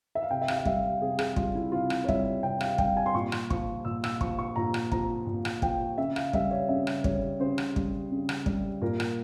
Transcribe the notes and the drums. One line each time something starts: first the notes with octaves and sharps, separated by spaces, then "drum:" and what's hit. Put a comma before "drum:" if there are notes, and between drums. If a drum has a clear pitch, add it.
E5
F5
C3 G5
E5
F5, drum: rim click
F5
G3 E5, drum: kick
C3 G#4
G#4, drum: rim click
G3 F4, drum: kick
E4
C3 F4
drum: rim click
C#5
G3 E5, drum: kick
C3 G5
F5, drum: rim click
G3 G5, drum: kick
G#5
C6
A#2 C#6
drum: rim click
F3 C#6, drum: kick
A#2 E6
E6, drum: rim click
F3 C#6, drum: kick
C#6
A#2 A#5
drum: rim click
F3 A#5, drum: kick
A#2
drum: rim click
F3 G5, drum: kick
C#3 E5
F5, drum: rim click
G3 E5, drum: kick
C#5
C#3 E5
drum: rim click
G3 C#5, drum: kick
C#3 C5
drum: rim click
G3, drum: kick
C#3
drum: rim click
G3, drum: kick
A#2 A#4
drum: rim click